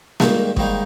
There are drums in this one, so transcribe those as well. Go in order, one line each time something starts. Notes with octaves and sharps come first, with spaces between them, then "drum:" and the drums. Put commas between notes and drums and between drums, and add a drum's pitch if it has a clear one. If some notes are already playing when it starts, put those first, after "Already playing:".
G#2 D#3 G3 A#3 D#4 E5, drum: snare A#3
G#2 D#3 G3 A#3 D#4, drum: kick